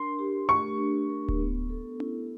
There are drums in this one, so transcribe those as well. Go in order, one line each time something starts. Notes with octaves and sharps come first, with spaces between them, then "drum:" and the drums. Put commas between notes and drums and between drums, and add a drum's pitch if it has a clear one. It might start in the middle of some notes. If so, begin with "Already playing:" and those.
Already playing: D4 A#4 C6
G4
A3 C#6
D4
A#4
drum: kick D1
B3
A4
E4, drum: tom C#4